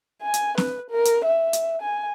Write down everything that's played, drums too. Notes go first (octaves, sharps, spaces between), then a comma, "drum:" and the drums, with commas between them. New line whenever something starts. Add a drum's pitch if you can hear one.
G#5
drum: hi-hat
B4, drum: snare C4
A#4
drum: hi-hat
E5
drum: hi-hat
G#5